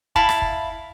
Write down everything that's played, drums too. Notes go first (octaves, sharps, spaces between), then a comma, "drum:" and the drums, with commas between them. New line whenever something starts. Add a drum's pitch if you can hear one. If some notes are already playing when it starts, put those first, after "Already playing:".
E4 F5 A5 B5, drum: kick
drum: rim click
drum: kick